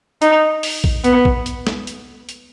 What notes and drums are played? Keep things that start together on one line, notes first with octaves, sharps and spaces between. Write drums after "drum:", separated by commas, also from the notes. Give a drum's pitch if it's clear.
D#4, drum: hi-hat
drum: open hi-hat
drum: kick A#1
B3, drum: hi-hat
drum: kick A#1
drum: hi-hat
drum: snare
drum: hi-hat
drum: hi-hat